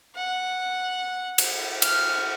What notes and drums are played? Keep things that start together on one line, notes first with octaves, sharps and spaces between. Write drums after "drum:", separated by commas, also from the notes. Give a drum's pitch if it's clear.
F#5
drum: cymbal
F6, drum: cymbal